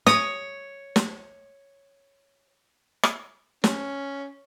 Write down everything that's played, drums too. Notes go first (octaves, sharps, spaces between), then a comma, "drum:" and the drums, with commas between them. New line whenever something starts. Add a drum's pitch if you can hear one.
C#5 D#6, drum: snare
drum: snare
drum: rim click
C#4, drum: snare